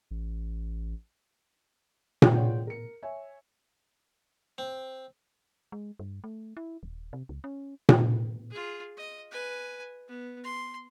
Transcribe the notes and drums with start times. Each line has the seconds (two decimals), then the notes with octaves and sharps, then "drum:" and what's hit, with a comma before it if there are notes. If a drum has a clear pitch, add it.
0.11 A1
2.22 drum: tom A#2
2.34 F4 G#4 C#5 D5 F#5 G5
2.67 A#4 C#7
3.02 C#5 E5 G#5
4.58 C4
5.72 G#3
5.99 G2
6.24 A3
6.57 E4
6.83 D#1
7.13 C3
7.29 C#2
7.44 C#4
7.89 drum: tom A#2
8.51 F4 G#4
8.97 D#5
9.31 B4 G#5
10.08 B3
10.44 C6